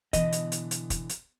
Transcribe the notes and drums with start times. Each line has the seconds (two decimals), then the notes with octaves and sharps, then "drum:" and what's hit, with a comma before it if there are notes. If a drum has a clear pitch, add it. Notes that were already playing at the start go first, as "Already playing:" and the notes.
0.13 B2 D3 E3 D#5, drum: kick, hi-hat
0.32 drum: hi-hat
0.52 drum: hi-hat
0.71 drum: hi-hat
0.90 drum: kick, hi-hat
1.09 drum: hi-hat